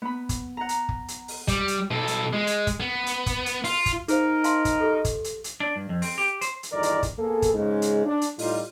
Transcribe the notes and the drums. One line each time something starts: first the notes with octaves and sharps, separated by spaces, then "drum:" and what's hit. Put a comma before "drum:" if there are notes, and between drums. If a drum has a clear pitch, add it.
B3 B5
drum: kick, hi-hat
F#5 A#5
drum: hi-hat
drum: kick
drum: hi-hat
drum: open hi-hat
G3, drum: kick, hi-hat
drum: hi-hat
B2 A4
drum: hi-hat
G#3
drum: hi-hat
drum: kick, hi-hat
B3
drum: hi-hat
drum: kick, hi-hat
drum: hi-hat
F4, drum: open hi-hat
drum: kick, hi-hat
D#4 G#4 A#4 C5 F5, drum: hi-hat
F5 A5 C6, drum: hi-hat
drum: kick, hi-hat
G4 A4
drum: kick, hi-hat
drum: hi-hat
drum: hi-hat
D4
G2
F2
C4, drum: open hi-hat
G4
C5, drum: hi-hat
drum: hi-hat
G1 E2 D#3 A#4 D5 A#5
drum: hi-hat
drum: kick, hi-hat
A#3 B3 G#4 A4
drum: kick, hi-hat
G#2 C#3 G#3
drum: hi-hat
D4
drum: hi-hat
A2 G3 D#4 F4, drum: open hi-hat